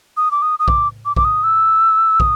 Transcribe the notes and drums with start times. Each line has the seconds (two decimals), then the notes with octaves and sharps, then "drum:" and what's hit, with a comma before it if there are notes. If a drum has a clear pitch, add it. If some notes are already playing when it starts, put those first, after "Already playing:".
0.17 D#6
0.31 D6
0.42 D#6
0.59 D#6
0.68 D6, drum: kick
1.05 D6
1.16 D6, drum: kick
1.25 D#6
1.44 E6
2.20 D#6, drum: kick